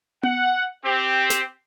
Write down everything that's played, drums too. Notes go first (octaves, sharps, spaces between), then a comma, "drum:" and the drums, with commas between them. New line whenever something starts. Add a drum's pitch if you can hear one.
F#5, drum: tom B3
C4 G4
drum: snare